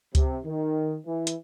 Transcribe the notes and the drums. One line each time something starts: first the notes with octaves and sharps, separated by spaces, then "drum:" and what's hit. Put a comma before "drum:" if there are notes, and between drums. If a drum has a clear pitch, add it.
C3, drum: kick C#2, hi-hat
D#3
E3
drum: hi-hat